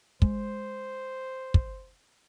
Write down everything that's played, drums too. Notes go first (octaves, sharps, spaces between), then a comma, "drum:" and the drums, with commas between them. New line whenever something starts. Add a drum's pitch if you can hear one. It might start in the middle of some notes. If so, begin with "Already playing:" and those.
G#3 C5, drum: kick
drum: kick